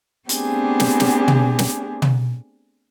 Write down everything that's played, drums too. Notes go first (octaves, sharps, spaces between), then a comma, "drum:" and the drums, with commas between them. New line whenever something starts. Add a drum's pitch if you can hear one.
A3 B3 C4 D4 G4 G#4, drum: hi-hat
drum: snare
drum: snare
drum: tom
drum: snare
drum: tom